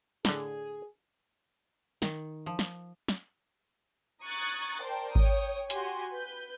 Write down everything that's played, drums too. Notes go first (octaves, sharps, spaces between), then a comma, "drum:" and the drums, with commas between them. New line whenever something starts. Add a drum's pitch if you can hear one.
A2 D3 G#4, drum: snare
D#3, drum: snare
F3
drum: snare
drum: snare
A#5 C#6 D#6 F#6 G#6 A6
A#4 C5 D5 G5 A5
C#5 G5 D#6, drum: kick G#1
F#4 G4 G#5 C6, drum: hi-hat
B4 G6